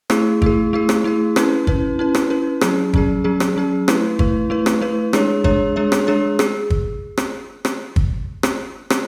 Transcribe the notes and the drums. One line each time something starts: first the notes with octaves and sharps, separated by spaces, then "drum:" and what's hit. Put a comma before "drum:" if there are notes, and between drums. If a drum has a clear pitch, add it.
A3 E4 G#4, drum: rim click
A3 E4 G#4, drum: kick G1
A3 E4 G#4
drum: rim click
A3 E4 G#4
C#4 E4 B4, drum: rim click
C#4 E4 B4, drum: kick G1
C#4 E4 B4
drum: rim click
C#4 E4 B4
F#3 C#4 G#4, drum: rim click
F#3 C#4 G#4, drum: kick G1
F#3 C#4 G#4
drum: rim click
F#3 C#4 G#4
A3 E4 B4, drum: rim click
A3 E4 B4, drum: kick G1
A3 E4 B4
drum: rim click
A3 E4 B4
G#3 D4 G#4 C#5, drum: rim click
G#3 D4 G#4 C#5, drum: kick G1
G#3 D4 G#4 C#5
drum: rim click
G#3 D4 G#4 C#5
G#4, drum: rim click
drum: kick G1
drum: rim click
drum: rim click
drum: kick G1
drum: rim click
drum: rim click